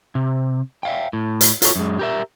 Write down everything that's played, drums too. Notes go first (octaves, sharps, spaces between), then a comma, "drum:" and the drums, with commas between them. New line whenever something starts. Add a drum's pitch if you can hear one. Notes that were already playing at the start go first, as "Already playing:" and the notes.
C3
E5 F5 G5
A2
drum: hi-hat
F4 F#4 A4 C#5, drum: hi-hat
F#2 G#3
G4 A#4 E5